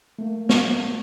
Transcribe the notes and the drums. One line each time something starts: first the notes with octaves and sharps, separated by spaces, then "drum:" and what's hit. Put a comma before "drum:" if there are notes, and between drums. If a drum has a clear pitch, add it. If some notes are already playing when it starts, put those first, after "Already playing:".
A3 A#3
drum: snare